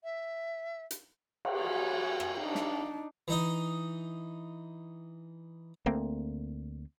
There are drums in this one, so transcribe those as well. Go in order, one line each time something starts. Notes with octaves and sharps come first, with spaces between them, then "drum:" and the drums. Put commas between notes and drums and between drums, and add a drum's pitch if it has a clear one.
E5
drum: hi-hat
drum: cymbal
F#4 G#5
drum: rim click
D4 D#4
drum: snare
E3 D#4 D#5
D2 A3 A#3 C4